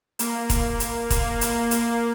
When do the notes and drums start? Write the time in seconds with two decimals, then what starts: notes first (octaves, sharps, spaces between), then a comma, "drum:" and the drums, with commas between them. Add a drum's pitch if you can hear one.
0.19 A#3, drum: hi-hat
0.50 drum: kick E1, hi-hat
0.80 drum: hi-hat
1.10 A#3, drum: kick E1, hi-hat
1.41 A#3, drum: hi-hat
1.71 A#3, drum: hi-hat